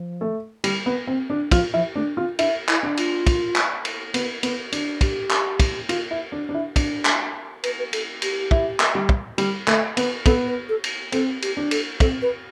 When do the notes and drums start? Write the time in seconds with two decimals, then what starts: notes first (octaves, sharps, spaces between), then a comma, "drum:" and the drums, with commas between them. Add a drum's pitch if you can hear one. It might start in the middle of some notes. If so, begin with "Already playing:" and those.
Already playing: F3
0.21 A3
0.64 G3, drum: cymbal
0.86 B3
1.08 C4
1.30 D4
1.51 F3 F4, drum: kick, cymbal
1.74 F3 E4
1.95 A3 D4
2.17 C4 F4
2.39 D4 E4, drum: cymbal
2.68 E4, drum: clap
2.83 D4
2.97 F4, drum: cymbal
3.27 drum: kick, cymbal
3.56 drum: clap
3.85 drum: cymbal
4.14 B3, drum: cymbal
4.43 B3, drum: cymbal
4.72 D4, drum: cymbal
5.01 G4, drum: kick, cymbal
5.30 drum: clap
5.60 drum: kick, cymbal
5.89 F4, drum: cymbal
6.11 E4
6.32 D4
6.49 D4
6.54 E4
6.76 D4, drum: kick, cymbal
7.05 drum: clap
7.64 B4, drum: cymbal
7.79 B4
7.93 A4, drum: cymbal
8.22 G4, drum: cymbal
8.51 E4, drum: kick
8.80 drum: clap
8.95 G3
9.09 drum: kick
9.38 G3, drum: cymbal
9.67 A3, drum: clap
9.97 B3, drum: cymbal
10.26 B3 A4, drum: kick, cymbal
10.48 B4
10.69 A4
10.84 drum: cymbal
11.12 C4 A4, drum: cymbal
11.42 G4, drum: cymbal
11.57 D4
11.71 A4, drum: cymbal
12.00 C4 A4, drum: kick, cymbal
12.22 B4